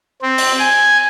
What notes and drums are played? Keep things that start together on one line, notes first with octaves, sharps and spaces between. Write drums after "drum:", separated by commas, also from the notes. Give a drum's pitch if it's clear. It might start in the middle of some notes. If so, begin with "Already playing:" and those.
C4
drum: open hi-hat
G#5